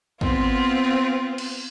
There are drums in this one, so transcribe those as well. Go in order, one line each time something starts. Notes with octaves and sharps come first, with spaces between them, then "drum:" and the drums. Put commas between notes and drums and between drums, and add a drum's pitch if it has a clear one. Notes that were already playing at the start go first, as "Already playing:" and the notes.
B3 C4 F4, drum: kick
drum: cymbal